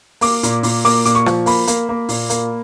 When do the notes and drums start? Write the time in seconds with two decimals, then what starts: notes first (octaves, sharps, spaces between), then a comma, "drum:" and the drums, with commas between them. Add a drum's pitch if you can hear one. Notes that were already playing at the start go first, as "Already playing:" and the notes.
0.21 A#3 D6, drum: open hi-hat
0.43 A#2, drum: hi-hat
0.63 A#2, drum: open hi-hat
0.85 A#3 D6, drum: open hi-hat
1.05 A#2 D6, drum: hi-hat
1.15 C#6
1.26 F3, drum: rim click
1.46 A#3 B5, drum: open hi-hat
1.67 A#3, drum: hi-hat
1.89 A#3
2.09 A#2, drum: open hi-hat
2.30 A#3, drum: hi-hat